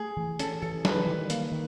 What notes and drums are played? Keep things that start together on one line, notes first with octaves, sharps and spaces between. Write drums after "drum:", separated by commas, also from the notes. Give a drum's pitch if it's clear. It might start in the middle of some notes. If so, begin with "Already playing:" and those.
Already playing: A3 G#4
E3
C#4 A4, drum: hi-hat
E3 A4
G3 B4, drum: snare
D#3
A#3, drum: hi-hat
D#3